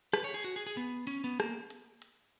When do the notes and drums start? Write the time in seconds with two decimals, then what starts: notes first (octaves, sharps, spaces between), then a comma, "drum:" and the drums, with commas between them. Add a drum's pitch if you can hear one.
0.13 B4, drum: rim click
0.24 C#5
0.34 G#4
0.44 F#4, drum: open hi-hat
0.56 G#4
0.67 G#4
0.77 B3
1.07 C#4, drum: hi-hat
1.24 B3
1.40 A#3, drum: rim click
1.70 drum: hi-hat
2.02 drum: hi-hat